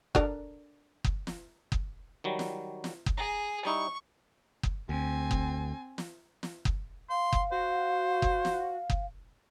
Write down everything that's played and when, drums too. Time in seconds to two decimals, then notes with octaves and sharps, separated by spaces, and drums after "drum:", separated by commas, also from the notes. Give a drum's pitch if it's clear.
0.15 D4 A4 A#4, drum: kick F#1
1.04 drum: kick F#1
1.27 drum: snare
1.72 drum: kick F#1
2.24 D#3 F#3 G3
2.39 drum: snare
2.84 drum: snare
3.06 drum: kick F#1
3.18 G#4 A#5
3.65 G3 D#4 E4 C#6
4.63 drum: kick F#1
4.89 D2 C4 G#5
5.31 drum: kick F#1
5.98 drum: snare
6.43 drum: snare
6.65 drum: kick F#1
7.10 F5 C6
7.33 drum: kick F#1
7.52 F#4 C5
8.22 drum: kick F#1
8.45 drum: snare
8.90 drum: kick F#1